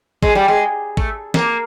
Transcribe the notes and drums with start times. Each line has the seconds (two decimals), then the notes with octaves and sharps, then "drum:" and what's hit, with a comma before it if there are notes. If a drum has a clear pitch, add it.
0.23 G#3, drum: kick
0.35 G3
0.48 G#3
0.97 A3, drum: kick
1.34 A#3, drum: snare